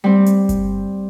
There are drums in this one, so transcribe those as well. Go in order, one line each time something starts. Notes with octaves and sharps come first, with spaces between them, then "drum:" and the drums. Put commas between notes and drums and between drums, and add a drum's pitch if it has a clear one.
G3 C4
drum: hi-hat
drum: kick G1, hi-hat